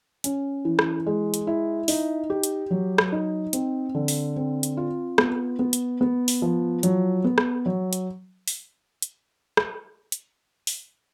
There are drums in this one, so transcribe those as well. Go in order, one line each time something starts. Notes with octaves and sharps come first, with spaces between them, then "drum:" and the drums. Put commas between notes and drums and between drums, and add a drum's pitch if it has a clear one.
C#4, drum: hi-hat
E3
drum: rim click
G#3
drum: hi-hat
E4
D#4, drum: open hi-hat
G4
drum: hi-hat
F#3
drum: rim click
D#4
C4, drum: hi-hat
D3
drum: open hi-hat
C4
drum: hi-hat
F4
B3, drum: rim click
B3
drum: hi-hat
B3
drum: open hi-hat
F3
F#3, drum: hi-hat
B3
drum: rim click
F#3
drum: hi-hat
drum: open hi-hat
drum: hi-hat
drum: rim click
drum: hi-hat
drum: open hi-hat